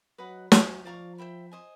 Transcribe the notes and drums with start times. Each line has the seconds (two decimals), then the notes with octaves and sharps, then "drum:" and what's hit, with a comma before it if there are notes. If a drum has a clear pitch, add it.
0.18 F#3 B4 D#5 F#5 B5
0.52 F#3 C#5 E5 G#5 C#6, drum: snare
0.85 F3 D5 F5 A#5 C#6
1.18 C5 E5 G5 B5
1.51 C5 D#5 G#5